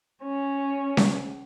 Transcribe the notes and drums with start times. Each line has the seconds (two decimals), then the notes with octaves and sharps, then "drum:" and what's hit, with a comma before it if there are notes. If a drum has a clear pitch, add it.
0.24 C#4
0.97 drum: snare C#4